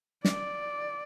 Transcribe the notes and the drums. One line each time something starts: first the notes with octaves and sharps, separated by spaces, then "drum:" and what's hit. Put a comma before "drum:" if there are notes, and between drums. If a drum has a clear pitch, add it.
D5, drum: snare